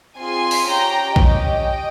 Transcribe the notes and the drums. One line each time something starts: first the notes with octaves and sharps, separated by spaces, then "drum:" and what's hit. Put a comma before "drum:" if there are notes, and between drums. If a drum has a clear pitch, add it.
C4 F4 G#4 G#5 C6
drum: open hi-hat
C#4 G4 G5 A#5
C#4 G4 D#5 G5, drum: kick A#1